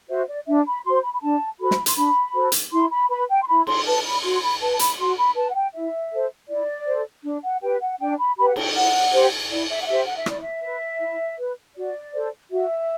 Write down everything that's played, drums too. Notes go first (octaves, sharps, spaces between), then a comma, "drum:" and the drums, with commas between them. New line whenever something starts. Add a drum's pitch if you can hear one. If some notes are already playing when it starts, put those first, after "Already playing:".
F#4 C5 E5
D5
D4 E5
B5
F#4 C5 C6
B5
B5
D4 A5
F#4 A4 C5 B5
drum: snare
C6, drum: hi-hat
D4 B5
F#4 A4 C5
drum: hi-hat
E4 C6
B5
B4 B5
G5
C6
E4 B5
C6, drum: cymbal
B4 A5
B5
F#4 C6
C6
B5
B4 A5
A5
B5, drum: hi-hat
F#4 C6
B5
B4 A5
F#5
G5
E4 E5
A4 C5
E4 D5
A4 C5
D4
F#5
G4 B4 G5
F#5
D4 G5
B5
G4 B4 B5
F#5
G5, drum: cymbal
E4 F#5
G4 C5
E4 D5
E5
F#5
G4 C5 E5
F#5
E5
E4 D5, drum: rim click
E5
B4
E4
B4
F#4 D5
A4 C5
F#4 E5